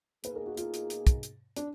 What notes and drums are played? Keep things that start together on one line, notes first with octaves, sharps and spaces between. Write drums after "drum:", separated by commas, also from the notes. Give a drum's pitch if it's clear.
B2 A#3 D#4 G#4 B4, drum: hi-hat
A#4
F#4
F4, drum: hi-hat
drum: hi-hat
drum: hi-hat
drum: kick, hi-hat
drum: hi-hat
D4, drum: hi-hat